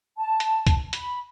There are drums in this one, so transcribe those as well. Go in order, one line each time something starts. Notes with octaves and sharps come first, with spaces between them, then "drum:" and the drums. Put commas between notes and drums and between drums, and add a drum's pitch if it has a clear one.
A5
drum: hi-hat
drum: kick C2, hi-hat
B5, drum: hi-hat